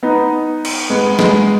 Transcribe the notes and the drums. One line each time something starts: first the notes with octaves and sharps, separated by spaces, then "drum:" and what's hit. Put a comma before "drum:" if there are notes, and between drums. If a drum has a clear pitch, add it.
B3 D#4
drum: cymbal
G#3 B3
G#3 B3, drum: snare